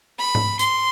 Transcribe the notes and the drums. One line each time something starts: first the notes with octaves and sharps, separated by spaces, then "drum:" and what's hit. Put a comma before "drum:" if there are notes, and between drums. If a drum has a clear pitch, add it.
B5
drum: tom G#2
C6, drum: hi-hat